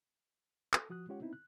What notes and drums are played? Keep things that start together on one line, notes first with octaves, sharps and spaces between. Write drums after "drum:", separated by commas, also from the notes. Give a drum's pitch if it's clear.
A4, drum: clap
F3 F#4 D#6 F#6
G#3 C#4 F4 G4 C#5 F#5
B3 C4 D#4 E4
F#6